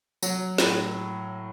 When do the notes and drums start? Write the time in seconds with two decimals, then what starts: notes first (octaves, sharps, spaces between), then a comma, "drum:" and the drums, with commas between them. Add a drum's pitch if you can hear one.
0.23 F#3, drum: tambourine
0.58 A2, drum: snare